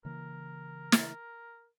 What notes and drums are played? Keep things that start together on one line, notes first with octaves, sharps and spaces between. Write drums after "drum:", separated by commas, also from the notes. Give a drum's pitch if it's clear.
C#3 E3 A#3 A#4
drum: snare